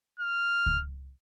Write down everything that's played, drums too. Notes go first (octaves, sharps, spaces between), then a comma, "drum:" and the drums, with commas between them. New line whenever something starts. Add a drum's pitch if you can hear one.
F6
drum: kick C#2